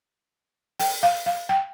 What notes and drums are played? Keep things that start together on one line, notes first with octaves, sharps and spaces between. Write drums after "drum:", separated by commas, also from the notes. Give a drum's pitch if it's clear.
G5, drum: open hi-hat
F5
F5
G5